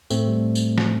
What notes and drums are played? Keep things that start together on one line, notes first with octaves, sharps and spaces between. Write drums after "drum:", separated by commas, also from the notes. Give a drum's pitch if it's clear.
A2 A3 C4, drum: tambourine
G3
drum: tambourine
drum: snare